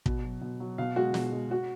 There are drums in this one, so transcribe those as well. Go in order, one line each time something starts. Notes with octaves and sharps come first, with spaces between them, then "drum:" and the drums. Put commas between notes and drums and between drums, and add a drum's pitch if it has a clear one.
B2, drum: kick
F#3
B2
F#3
B2 F5
G#3 F#4
B2, drum: snare
G#3
F#4